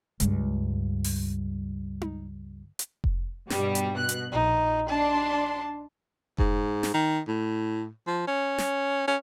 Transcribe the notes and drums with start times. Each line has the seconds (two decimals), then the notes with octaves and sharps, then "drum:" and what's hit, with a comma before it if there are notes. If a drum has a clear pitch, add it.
0.20 C#2 G2, drum: hi-hat
1.04 drum: open hi-hat
2.01 drum: tom D#4
2.79 drum: hi-hat
3.04 drum: kick F1
3.50 G2 B2 G3, drum: snare
3.75 drum: hi-hat
3.95 B2 F#6
4.09 drum: hi-hat
4.32 A#1 D#4
4.89 D4 A5 C6
6.38 G#2, drum: kick F1
6.83 drum: snare
6.94 D#3
7.28 A2
8.07 F3
8.27 C#4
8.58 drum: snare
9.08 C#4